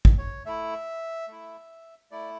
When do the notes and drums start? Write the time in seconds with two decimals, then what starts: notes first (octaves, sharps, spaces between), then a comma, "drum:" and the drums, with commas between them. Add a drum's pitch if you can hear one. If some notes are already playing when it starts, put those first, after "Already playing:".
0.05 drum: kick
0.18 C#5
0.46 A3 E4 E5
1.28 A3 E4
2.11 A3 E4 D5